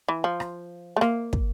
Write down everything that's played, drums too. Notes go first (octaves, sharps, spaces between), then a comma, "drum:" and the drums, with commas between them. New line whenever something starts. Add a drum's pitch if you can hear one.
E3
F3
drum: rim click
A3
A#3, drum: rim click
drum: kick